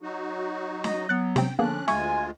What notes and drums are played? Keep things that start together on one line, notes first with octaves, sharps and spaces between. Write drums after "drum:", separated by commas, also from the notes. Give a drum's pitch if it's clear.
F#3 D#4 F#4
D#5, drum: snare
F#3 B3 F#6 A6 C#7
C3 C4 G5, drum: snare
D3 F3 A#3 B3 C#4 D4 G#4 F#6
D2 G#3 F4 E5 G#5 C#6, drum: snare